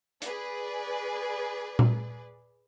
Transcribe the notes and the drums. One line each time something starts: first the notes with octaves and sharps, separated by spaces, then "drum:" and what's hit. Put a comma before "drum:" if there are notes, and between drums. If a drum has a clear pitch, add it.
G#4 B4 D5, drum: hi-hat
drum: tom A#2